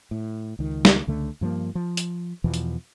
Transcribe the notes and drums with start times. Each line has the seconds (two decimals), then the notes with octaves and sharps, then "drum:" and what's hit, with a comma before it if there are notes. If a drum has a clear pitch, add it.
0.11 A2
0.59 C#2 D#3
0.85 drum: snare
1.07 C#2 D3 A3
1.41 G2 F3 G3 A#3
1.75 F3
1.97 drum: hi-hat
2.44 E2 B2 E3 F3
2.54 drum: hi-hat